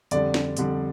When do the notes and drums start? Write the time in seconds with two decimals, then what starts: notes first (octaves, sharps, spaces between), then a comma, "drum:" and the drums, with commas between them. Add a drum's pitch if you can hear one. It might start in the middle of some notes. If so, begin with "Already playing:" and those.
0.11 F2 D3 G3 D5, drum: hi-hat
0.34 drum: snare
0.57 F2 D3 G3, drum: hi-hat